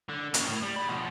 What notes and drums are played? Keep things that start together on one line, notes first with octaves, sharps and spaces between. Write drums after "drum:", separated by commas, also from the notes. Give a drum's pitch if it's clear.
D3
C#3 A#3, drum: hi-hat
A2
G3
G#4 B5
B2 F3